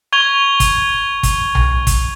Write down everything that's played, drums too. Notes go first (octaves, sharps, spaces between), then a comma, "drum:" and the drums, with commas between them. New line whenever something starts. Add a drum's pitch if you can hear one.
C#6 G#6 F7 G7
drum: kick, hi-hat
drum: kick, hi-hat
drum: tom B1
drum: kick, hi-hat